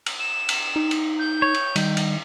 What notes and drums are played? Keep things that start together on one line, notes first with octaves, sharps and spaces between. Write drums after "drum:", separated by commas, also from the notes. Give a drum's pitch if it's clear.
drum: cymbal
E7
drum: cymbal
D#4
drum: cymbal
G6
C#5
drum: cymbal
D#3 G3, drum: cymbal
drum: cymbal